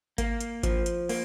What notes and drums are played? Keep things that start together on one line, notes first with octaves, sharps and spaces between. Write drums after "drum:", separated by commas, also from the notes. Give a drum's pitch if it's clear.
A#3, drum: kick G#1, hi-hat
drum: hi-hat
F3, drum: kick G#1, hi-hat
drum: hi-hat
A#3, drum: open hi-hat